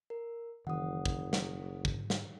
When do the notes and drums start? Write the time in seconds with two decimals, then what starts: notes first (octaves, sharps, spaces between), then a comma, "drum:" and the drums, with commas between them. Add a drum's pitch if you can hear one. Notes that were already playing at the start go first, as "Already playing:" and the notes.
0.10 A#4
0.67 F#1 D#3 E3 F#5 D#6
1.06 drum: kick
1.33 drum: snare
1.85 G#2 D3, drum: kick
2.10 drum: snare